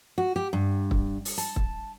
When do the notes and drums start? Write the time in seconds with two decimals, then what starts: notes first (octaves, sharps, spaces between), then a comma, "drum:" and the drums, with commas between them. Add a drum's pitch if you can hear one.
0.18 F#4
0.36 G4
0.53 G2
0.91 drum: kick
1.25 drum: open hi-hat
1.38 A5, drum: hi-hat
1.56 drum: kick